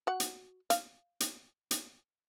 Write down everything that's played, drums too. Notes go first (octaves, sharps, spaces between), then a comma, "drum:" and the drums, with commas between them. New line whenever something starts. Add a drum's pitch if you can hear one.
F#4 F#5
drum: hi-hat
F5, drum: hi-hat
drum: hi-hat
drum: hi-hat